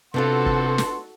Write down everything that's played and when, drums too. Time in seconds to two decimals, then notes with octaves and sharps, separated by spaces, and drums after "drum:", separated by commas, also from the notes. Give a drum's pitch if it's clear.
0.14 C3 B3 D4 F4 F#4 A4 C6
0.46 drum: kick
0.78 drum: snare